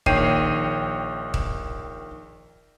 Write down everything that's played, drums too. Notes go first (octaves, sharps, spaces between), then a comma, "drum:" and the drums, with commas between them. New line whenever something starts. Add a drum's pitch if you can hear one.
A#1 D#3 C#5 G5 C7 D#7, drum: kick D#1
drum: kick D#1